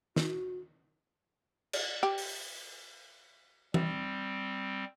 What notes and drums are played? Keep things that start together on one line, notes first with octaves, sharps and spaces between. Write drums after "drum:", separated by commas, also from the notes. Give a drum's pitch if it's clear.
F#4, drum: snare
drum: cymbal
G4
drum: open hi-hat
G3 C4, drum: tom E3